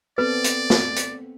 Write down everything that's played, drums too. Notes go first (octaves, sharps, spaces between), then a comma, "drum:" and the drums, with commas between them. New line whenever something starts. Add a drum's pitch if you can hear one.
B3 C4 A4 B4 D5
drum: hi-hat
drum: snare
drum: hi-hat